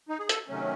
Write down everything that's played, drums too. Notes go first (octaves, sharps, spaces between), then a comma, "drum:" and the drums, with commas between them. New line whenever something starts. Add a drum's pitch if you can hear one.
D#4
G#4
A4, drum: hi-hat
C3 D#3 F#3 A3 C#4